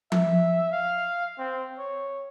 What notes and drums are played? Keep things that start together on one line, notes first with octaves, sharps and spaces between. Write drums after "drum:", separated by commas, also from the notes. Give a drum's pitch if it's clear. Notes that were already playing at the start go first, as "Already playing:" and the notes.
E5, drum: tom F3
F5
C4
C#5